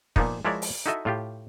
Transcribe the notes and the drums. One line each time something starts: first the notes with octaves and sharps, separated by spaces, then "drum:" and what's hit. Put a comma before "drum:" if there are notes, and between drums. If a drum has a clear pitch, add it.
A#2 F3 A#3 B3 D#4, drum: kick
F3 G#3 E4 A#4 C#5 D5
drum: open hi-hat
D#4 E4 F#4 A4 D#5 E5
A2 F4 G4